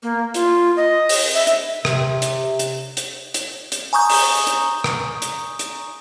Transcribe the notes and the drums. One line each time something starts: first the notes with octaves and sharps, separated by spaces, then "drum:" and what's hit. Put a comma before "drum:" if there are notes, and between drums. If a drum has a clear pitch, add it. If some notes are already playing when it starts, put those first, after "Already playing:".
A#3
F4, drum: hi-hat
D#5
drum: open hi-hat
E5
drum: hi-hat
C3, drum: rim click
drum: hi-hat
drum: hi-hat
drum: hi-hat
drum: hi-hat
drum: hi-hat
G#5 A#5 C#6 D#6 G6
drum: open hi-hat
drum: hi-hat
drum: rim click
drum: hi-hat
drum: hi-hat